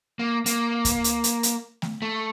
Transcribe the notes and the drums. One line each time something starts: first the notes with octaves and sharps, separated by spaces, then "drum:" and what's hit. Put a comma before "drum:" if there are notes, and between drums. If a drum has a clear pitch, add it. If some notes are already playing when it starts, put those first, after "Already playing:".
A#3
A#3, drum: hi-hat
drum: kick D2, hi-hat
drum: hi-hat
drum: hi-hat
drum: hi-hat
drum: snare A3
A3